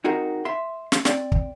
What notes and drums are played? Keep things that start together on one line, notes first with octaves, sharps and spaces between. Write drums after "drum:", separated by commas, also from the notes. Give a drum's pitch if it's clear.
C4 D#4 F#4 G#4 A#4
E5 C6
drum: snare
C4 D5, drum: snare
drum: kick